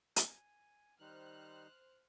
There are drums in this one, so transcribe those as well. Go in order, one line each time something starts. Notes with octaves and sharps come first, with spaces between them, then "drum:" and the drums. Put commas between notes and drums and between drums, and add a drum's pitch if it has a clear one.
G#5, drum: hi-hat
D#3 G3 D#4 C5 F6 F#6